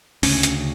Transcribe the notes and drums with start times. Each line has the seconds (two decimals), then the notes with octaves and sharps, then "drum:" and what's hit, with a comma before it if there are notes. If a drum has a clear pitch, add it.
0.23 D2 C#3 C#4, drum: open hi-hat
0.43 drum: hi-hat